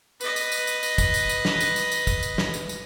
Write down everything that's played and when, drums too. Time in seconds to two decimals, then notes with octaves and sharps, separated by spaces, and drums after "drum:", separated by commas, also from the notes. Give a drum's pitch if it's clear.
0.21 B4 D#5, drum: tambourine
0.36 drum: tambourine
0.52 drum: tambourine
0.67 drum: tambourine
0.83 drum: tambourine
0.98 drum: kick, tambourine
1.14 drum: tambourine
1.29 drum: tambourine
1.45 drum: snare
1.60 drum: tambourine
1.76 drum: tambourine
1.92 drum: tambourine
2.07 drum: kick, tambourine
2.23 drum: tambourine
2.38 drum: snare
2.54 drum: tambourine
2.69 drum: tambourine